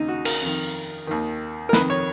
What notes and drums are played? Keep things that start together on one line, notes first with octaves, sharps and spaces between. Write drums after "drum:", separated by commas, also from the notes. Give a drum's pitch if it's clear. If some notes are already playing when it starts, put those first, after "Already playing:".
Already playing: D#2 C#3 D#4
F#4
A#4, drum: cymbal
F2 D#3
D#2 D#3
A#4
F2 D#3 B4, drum: snare
C#5